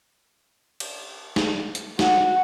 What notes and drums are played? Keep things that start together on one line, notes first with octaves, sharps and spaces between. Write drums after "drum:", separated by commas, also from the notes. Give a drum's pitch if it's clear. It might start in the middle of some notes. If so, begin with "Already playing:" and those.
drum: cymbal
drum: snare
drum: hi-hat
F#4, drum: snare